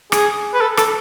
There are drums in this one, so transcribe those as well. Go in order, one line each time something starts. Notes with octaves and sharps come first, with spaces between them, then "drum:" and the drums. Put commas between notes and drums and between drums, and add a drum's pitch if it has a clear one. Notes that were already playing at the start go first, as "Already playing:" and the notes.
G#4, drum: rim click
B4
A4
A4, drum: rim click